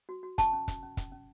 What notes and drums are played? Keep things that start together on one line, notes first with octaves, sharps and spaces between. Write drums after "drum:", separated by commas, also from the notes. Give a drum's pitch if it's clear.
F#4
F#4
C#4 A5 C#6, drum: kick, hi-hat
C#4
C#4, drum: kick, hi-hat
C#4
C#4, drum: kick, hi-hat
C#4